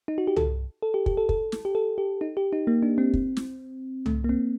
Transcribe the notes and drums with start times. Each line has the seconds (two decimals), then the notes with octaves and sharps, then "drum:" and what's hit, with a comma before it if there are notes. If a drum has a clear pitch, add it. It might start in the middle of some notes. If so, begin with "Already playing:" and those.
0.08 D#4
0.18 F#4
0.27 G4
0.36 A4, drum: tom
0.82 A4
0.94 G4
1.06 G4, drum: kick
1.17 A4
1.29 A4, drum: kick
1.52 drum: snare
1.65 G4
1.75 A4
1.98 G4
2.21 D#4
2.37 G4
2.53 D#4
2.67 A#3
2.83 D4
2.98 C4
3.13 drum: kick
3.37 drum: snare
4.06 A3, drum: tom
4.24 A#3
4.29 C4